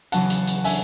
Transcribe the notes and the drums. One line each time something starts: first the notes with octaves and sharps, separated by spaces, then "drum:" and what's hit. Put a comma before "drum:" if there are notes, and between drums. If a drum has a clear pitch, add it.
E2 C#3 F#3 F#5 A5, drum: hi-hat
drum: hi-hat
drum: hi-hat
E5 G#5, drum: open hi-hat